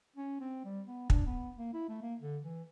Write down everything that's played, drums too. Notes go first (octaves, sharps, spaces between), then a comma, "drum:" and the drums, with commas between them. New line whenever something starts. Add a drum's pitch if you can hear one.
C#4
C4
G3
B3
D4, drum: kick
B3
A#3
E4
A3
A#3
D3
E3